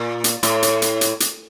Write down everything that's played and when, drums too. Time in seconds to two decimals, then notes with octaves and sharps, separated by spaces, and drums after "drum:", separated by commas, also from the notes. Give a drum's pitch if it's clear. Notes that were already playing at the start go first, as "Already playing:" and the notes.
Already playing: A#2
0.24 drum: hi-hat
0.43 A2, drum: hi-hat
0.63 drum: hi-hat
0.82 drum: hi-hat
1.01 drum: hi-hat
1.20 drum: hi-hat